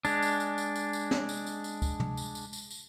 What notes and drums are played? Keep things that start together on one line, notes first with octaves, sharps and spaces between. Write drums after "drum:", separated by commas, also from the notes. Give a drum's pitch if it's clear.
G#3 D4, drum: tambourine
drum: tambourine
drum: tambourine
drum: tambourine
drum: tambourine
drum: tambourine
drum: snare
drum: tambourine
drum: tambourine
drum: tambourine
drum: kick D2, tambourine
drum: tom
drum: tambourine
drum: tambourine
drum: tambourine
drum: tambourine